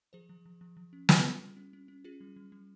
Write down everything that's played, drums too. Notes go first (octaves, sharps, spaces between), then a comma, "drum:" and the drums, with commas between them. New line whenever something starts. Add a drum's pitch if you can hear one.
F3 G#4 C5
F3
F3
F3
F3
C#4
C#4 F4 G#4, drum: snare
G3
G3
C#4
C#4
C#4
C#4 F4 G#4
G3
G3
G3